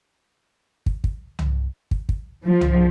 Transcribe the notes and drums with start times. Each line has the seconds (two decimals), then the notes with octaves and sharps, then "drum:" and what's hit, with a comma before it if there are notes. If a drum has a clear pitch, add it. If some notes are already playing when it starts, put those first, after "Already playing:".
0.86 drum: kick
1.04 drum: kick
1.39 drum: tom C2
1.91 drum: kick
2.09 drum: kick
2.44 F3
2.61 drum: tom C2